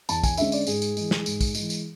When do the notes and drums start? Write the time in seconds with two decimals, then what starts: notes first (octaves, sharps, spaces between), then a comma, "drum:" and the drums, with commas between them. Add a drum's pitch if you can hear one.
0.09 E2 A5, drum: tambourine
0.24 G#5, drum: kick, tambourine
0.37 D3 G#3 C#4 E5, drum: tambourine
0.52 D5, drum: tambourine
0.67 G#2 G#4, drum: tambourine
0.82 drum: tambourine
0.97 E3 G#3, drum: tambourine
1.11 drum: snare
1.26 G#2, drum: tambourine
1.41 drum: kick, tambourine
1.55 E3 G#3, drum: tambourine
1.70 drum: tambourine